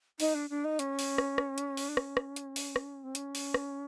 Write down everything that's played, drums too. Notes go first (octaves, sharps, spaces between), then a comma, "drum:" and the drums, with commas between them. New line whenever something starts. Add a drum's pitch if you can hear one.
D#4, drum: open hi-hat
D4
D4
D#4
C#4, drum: hi-hat
drum: open hi-hat
drum: rim click
drum: rim click
drum: hi-hat
drum: open hi-hat
D4
C#4, drum: rim click
drum: rim click
drum: hi-hat
drum: open hi-hat
drum: rim click
C4
C#4, drum: hi-hat
drum: open hi-hat
drum: rim click